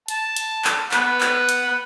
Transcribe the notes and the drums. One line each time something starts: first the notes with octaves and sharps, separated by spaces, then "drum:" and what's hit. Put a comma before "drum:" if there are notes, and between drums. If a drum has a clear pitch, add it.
A5, drum: hi-hat
drum: hi-hat
drum: clap
F#5 B5, drum: clap
drum: clap
drum: hi-hat